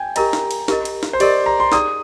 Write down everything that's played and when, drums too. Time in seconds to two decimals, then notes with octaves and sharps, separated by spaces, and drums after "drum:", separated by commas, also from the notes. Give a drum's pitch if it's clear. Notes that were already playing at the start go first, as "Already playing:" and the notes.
Already playing: G5 G#5
0.16 G4 A#4 D#5 A#5, drum: cymbal
0.33 drum: snare
0.51 drum: cymbal
0.68 G4 A#4 D#5, drum: snare
0.85 drum: cymbal
1.03 drum: snare
1.13 C5
1.20 G4 A#4 D5 D#5, drum: cymbal
1.46 A#5
1.60 C6
1.72 D#4 G#4 D5 G5 A#5 D#6, drum: snare